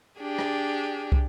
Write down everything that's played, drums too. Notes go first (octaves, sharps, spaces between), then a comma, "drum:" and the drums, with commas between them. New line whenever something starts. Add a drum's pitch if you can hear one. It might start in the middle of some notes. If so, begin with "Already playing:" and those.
D4 G4 G#4
drum: rim click
drum: kick